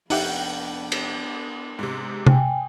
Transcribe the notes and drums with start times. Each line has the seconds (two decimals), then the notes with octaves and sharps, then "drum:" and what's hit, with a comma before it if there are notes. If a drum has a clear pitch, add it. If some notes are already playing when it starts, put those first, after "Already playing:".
0.10 F1 B3 D4 D#4 G4 E5 F#5 G5, drum: open hi-hat
0.92 drum: cymbal
1.79 G#2 C3
2.27 G5 G#5, drum: tom C3